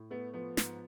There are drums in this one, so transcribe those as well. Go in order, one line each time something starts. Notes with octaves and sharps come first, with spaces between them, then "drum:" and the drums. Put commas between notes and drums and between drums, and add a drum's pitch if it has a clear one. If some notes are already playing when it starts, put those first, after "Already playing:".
Already playing: A2
A3 B3
F3 B3
G#2, drum: snare